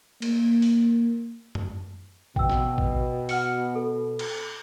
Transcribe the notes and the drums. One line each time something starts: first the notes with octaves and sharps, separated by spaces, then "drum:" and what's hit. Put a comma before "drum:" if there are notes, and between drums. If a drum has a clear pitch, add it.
A#3, drum: cymbal
drum: open hi-hat
drum: tom F#2
B2 G5 E6, drum: kick A1
drum: snare F3
drum: kick A1
F#5 F6 C#7, drum: open hi-hat
A4
drum: cymbal